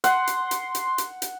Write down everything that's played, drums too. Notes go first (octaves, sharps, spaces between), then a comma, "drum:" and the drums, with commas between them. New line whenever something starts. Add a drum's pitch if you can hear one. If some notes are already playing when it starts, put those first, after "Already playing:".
F#5 C6, drum: hi-hat
drum: hi-hat
drum: hi-hat
drum: hi-hat
drum: hi-hat
drum: hi-hat